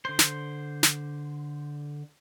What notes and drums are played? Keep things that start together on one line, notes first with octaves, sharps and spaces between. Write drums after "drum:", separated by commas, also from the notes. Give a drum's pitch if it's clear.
D3 C5
drum: snare
drum: snare